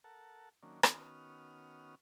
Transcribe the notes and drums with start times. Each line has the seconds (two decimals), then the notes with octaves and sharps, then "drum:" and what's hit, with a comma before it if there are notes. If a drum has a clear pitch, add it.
0.04 A4 A#4 F#5 A5
0.63 D#3 F#3 A#3 C#4 D4
0.83 D#3 B3 C#4 F#4 D#6 F6, drum: rim click